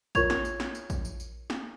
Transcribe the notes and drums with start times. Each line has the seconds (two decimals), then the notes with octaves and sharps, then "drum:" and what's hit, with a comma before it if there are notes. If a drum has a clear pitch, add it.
0.15 F4 A#4 C#5 C#6 G#6 F7, drum: kick A#1, tambourine
0.30 drum: snare
0.45 drum: tambourine
0.60 drum: snare
0.75 drum: tambourine
0.90 drum: kick A#1, tambourine
1.05 drum: tambourine
1.20 drum: tambourine
1.50 drum: snare